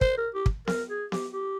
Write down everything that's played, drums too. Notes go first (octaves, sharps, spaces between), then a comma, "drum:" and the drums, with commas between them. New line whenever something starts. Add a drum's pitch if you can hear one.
C5, drum: kick
A#4
G4
drum: kick
A#4, drum: snare B3
G#4
G4, drum: snare B3
G4